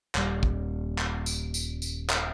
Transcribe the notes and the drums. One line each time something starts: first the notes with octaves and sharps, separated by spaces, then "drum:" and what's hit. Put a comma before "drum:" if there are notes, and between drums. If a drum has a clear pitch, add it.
D#1 G3, drum: clap
drum: kick
drum: clap
drum: tambourine
drum: tambourine
drum: tambourine
drum: clap